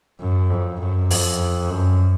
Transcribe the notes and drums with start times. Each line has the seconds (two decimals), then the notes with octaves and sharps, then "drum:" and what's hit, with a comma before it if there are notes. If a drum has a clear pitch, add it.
0.21 F#2
0.50 F2
0.81 F#2
1.10 F2, drum: open hi-hat
1.70 F#2